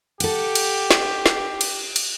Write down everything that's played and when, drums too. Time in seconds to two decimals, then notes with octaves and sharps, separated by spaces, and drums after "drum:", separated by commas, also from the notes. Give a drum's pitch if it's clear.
0.20 G4 A4 F#5, drum: cymbal
0.55 drum: cymbal
0.91 drum: snare
1.26 drum: snare
1.61 drum: cymbal
1.96 drum: cymbal